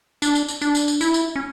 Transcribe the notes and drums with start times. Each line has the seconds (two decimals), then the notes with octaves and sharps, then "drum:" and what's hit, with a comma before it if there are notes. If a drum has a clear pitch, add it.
0.22 D4, drum: tambourine
0.35 drum: tambourine
0.48 drum: tambourine
0.61 D4, drum: tambourine
0.75 drum: tambourine
0.88 drum: tambourine
1.01 E4, drum: tambourine
1.14 drum: tambourine
1.36 C#4